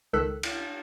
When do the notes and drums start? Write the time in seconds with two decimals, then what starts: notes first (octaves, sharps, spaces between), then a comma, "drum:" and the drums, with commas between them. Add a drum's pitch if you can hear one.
0.13 C#2 D#3 A4 E6 F#6 B6
0.43 drum: cymbal